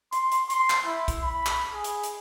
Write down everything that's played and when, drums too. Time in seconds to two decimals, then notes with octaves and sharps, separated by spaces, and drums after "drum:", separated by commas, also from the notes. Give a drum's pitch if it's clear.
0.13 C6, drum: hi-hat
0.32 drum: hi-hat
0.50 C6, drum: hi-hat
0.70 drum: clap
0.86 E4
1.08 drum: kick B1, hi-hat
1.22 B5
1.46 drum: clap
1.73 G#4
1.84 drum: hi-hat
2.03 drum: hi-hat